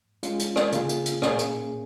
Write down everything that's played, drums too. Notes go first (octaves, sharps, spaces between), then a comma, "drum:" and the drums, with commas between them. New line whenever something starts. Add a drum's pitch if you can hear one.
G#3 C#4 F4, drum: hi-hat
drum: hi-hat
drum: rim click
C#3 A#3 F4 G#4, drum: hi-hat
drum: hi-hat
drum: hi-hat
A#2 A#3 C#4 G#4, drum: rim click
drum: hi-hat